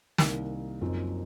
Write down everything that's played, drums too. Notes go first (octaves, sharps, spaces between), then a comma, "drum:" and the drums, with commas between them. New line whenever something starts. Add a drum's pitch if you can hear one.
C2 C3 D#3 A#3 D#4, drum: snare
F#1 F#2 F3 C4 D#4